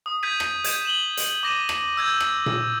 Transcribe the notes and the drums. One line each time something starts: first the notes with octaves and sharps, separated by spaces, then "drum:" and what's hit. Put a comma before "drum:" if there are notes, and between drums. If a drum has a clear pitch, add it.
D#6
G6 G#6 B6 D#7
drum: rim click
G6 G#6 E7, drum: hi-hat
E7 F#7 G7
drum: hi-hat
D6 A#6 D#7 E7
drum: rim click
E6 G6 G#6
drum: rim click
drum: tom A#2